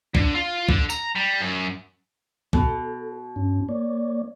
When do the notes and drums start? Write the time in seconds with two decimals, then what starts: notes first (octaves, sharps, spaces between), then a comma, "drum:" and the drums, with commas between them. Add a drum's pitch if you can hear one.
0.15 D3, drum: kick C2
0.35 F4
0.69 D3, drum: kick C2
0.90 A#5, drum: tambourine
1.15 G3
1.40 F#2
2.53 B2 A4, drum: kick C2
3.36 G2 C#4
3.69 A#3 C#5 D5